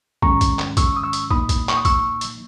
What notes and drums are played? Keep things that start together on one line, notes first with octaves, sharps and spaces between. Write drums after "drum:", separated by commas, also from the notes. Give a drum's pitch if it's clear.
G#2 D#3 G#3 C#4 A#5 C#6, drum: kick
drum: kick, hi-hat
drum: clap
C#6 E6, drum: kick, hi-hat
D#6
C#6 E6
drum: hi-hat
A#2 A#3 D#4 B5 D#6, drum: kick
drum: kick, hi-hat
C#6, drum: clap
D#6
C#6 E6, drum: kick, hi-hat
drum: hi-hat